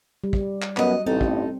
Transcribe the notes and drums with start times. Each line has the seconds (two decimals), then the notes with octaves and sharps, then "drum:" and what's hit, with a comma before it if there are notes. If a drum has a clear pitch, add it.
0.24 G3
0.33 drum: kick
0.62 drum: clap
0.77 F#2 F#3 B3 D#5, drum: clap
1.06 A1 G2 C4 D#4 A4
1.21 drum: kick